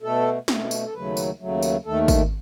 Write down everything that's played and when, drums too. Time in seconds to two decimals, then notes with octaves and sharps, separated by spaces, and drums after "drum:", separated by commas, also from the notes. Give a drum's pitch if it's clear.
0.02 B2 A3 A4
0.48 B2 A3, drum: snare
0.71 drum: tambourine
0.85 A4
0.94 D#2 C#3 F#3 A3 B4
1.17 drum: tambourine
1.40 D#2 C#3 F#3 A3
1.62 drum: tambourine
1.85 D#2 D#3 A3 A4
2.08 drum: kick, tambourine